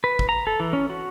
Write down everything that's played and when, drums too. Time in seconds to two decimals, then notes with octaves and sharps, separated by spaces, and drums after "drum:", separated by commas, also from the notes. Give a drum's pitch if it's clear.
0.04 B4
0.19 drum: kick
0.29 A#5
0.47 A4
0.60 E3
0.73 C#4
0.90 F#4